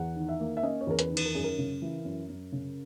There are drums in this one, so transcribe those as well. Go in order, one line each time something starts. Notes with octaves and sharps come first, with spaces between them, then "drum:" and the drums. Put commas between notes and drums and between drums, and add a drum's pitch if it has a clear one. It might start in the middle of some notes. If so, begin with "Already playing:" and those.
Already playing: E2 F#5
D#3
E5
A#3
E5
C#4 D#5
C#5
E2 A#4
B4, drum: hi-hat
D#3
B4, drum: cymbal
A#4
F#2 G#4
A#4
C#3
E3
F#2
F#2
C#3